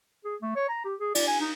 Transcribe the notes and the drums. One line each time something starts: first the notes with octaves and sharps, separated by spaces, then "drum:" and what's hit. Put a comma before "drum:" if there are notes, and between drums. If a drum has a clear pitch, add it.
G#4
A3
C#5
A#5
G4
G#4
D5, drum: cymbal
G#5
D#4